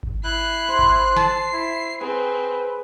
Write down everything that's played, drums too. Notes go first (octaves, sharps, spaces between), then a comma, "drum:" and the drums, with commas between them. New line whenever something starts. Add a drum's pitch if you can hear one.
drum: kick G#1
E4 F#6 C7
C5
drum: kick G#1
A5 C7, drum: snare
E4
C4 G#4 B4